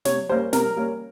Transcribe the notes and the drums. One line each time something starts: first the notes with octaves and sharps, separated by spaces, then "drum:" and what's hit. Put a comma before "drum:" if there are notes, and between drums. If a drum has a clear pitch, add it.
C3 C#5, drum: snare
G3 A#3 C#4 C5
C3 A#4, drum: snare
G3 A#3 C#4